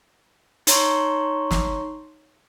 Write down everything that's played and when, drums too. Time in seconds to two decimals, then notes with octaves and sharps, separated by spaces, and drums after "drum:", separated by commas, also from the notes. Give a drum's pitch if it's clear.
0.67 D#4 C#5 A#5 C6 C#6, drum: hi-hat
1.51 drum: snare